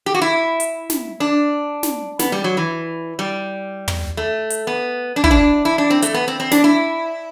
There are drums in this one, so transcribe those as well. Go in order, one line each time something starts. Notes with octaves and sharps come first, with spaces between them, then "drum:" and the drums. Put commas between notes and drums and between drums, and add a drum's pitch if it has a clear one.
G4
F#4
E4
drum: hi-hat
drum: snare
D4
drum: snare
B3, drum: snare
G3
F#3
E3
G3
drum: tom
A3
drum: hi-hat
B3
D4
E4, drum: kick
D4
E4
D4
C4
A3, drum: hi-hat
B3
C4
C4
D4, drum: snare
E4